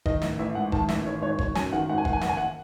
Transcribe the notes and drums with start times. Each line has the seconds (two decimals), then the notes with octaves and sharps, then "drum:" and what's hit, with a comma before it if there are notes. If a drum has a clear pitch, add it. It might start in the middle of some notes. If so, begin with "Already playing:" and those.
0.06 D#3 D#5, drum: kick F#1
0.22 A1 E5, drum: snare
0.39 A1 E5
0.55 G#2 F#5
0.72 D#3 A5, drum: kick F#1
0.89 A1 E5, drum: snare
1.05 D#3 C#5
1.22 G#1 C#5
1.39 G#1 C#5, drum: kick F#1
1.55 F#2 G#5, drum: snare
1.73 D#3 F#5
1.89 G#1 F#5
1.98 G#5
2.05 D#3 F#5, drum: kick F#1
2.13 G#5
2.21 F#1 F#5, drum: snare
2.29 G#5
2.37 F#5